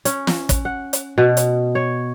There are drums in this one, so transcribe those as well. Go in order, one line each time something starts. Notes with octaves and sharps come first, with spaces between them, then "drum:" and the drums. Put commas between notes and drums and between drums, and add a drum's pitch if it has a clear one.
C#4, drum: hi-hat
drum: snare
drum: kick, hi-hat
F#5
drum: hi-hat
B2
drum: hi-hat
C#5